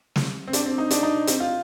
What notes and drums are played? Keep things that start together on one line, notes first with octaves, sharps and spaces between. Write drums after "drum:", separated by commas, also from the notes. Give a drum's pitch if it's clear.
drum: snare
C4
D4, drum: hi-hat
C4
D#4
D4, drum: hi-hat
D#4
C4, drum: hi-hat
F4